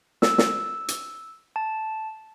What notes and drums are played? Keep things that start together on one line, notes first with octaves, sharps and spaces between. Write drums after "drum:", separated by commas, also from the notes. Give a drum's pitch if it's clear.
E6, drum: snare
drum: snare
drum: hi-hat
A5